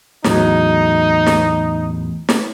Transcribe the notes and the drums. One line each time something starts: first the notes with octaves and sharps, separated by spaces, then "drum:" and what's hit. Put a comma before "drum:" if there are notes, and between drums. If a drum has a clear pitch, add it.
E2 A2 F#3 D#4, drum: snare
drum: snare
drum: snare